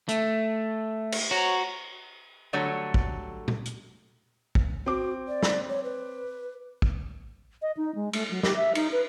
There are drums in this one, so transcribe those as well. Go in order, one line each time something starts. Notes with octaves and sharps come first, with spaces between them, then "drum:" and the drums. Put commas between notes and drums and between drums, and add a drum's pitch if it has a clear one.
A3, drum: hi-hat
drum: cymbal
F#4 C5 C#5 A#5
D3 F#3 G3 A3 C#5
drum: kick
drum: tom
drum: hi-hat
drum: kick
C4 F#4 D6
D5
drum: snare
C#5
B4
drum: kick
D#5
D#4
G#3
A3, drum: cymbal
F#3
G4, drum: snare
E5
D#4, drum: cymbal
B4